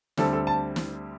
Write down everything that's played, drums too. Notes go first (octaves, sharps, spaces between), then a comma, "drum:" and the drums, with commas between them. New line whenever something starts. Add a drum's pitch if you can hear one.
D2 D3 G3 C4 A4, drum: snare
A4
A5
drum: snare